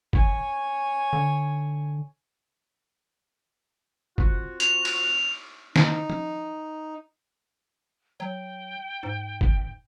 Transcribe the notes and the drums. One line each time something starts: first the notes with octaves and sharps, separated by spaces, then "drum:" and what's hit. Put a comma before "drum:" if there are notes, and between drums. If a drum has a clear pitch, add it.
C#5 G#5, drum: kick
D3
C4 F4 F#4, drum: kick
F7, drum: hi-hat
drum: cymbal
D#4, drum: snare
drum: tom F3
F#3 G5
G#2
drum: kick